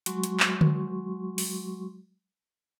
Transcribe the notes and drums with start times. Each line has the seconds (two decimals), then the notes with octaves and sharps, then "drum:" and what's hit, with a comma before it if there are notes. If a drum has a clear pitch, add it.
0.06 F#3 G#3 F#4 C6 C#6, drum: hi-hat
0.24 drum: hi-hat
0.40 drum: clap
0.61 drum: tom D3
1.38 drum: open hi-hat